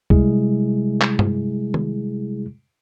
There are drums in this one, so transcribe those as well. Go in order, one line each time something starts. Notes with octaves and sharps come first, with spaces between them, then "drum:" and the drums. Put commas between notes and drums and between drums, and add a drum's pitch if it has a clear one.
C3 G3 G#3 E4 G#4, drum: kick
drum: clap
drum: tom G2
drum: tom D#3